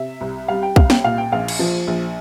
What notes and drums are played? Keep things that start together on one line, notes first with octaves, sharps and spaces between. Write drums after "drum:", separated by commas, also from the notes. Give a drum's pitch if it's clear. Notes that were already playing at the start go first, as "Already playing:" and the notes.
Already playing: C3 E5
C2
G3 F5
G5
C2 F5, drum: kick
G5, drum: snare A#3
A#2 F5
G5
A#1 F5
drum: cymbal
F3
A#1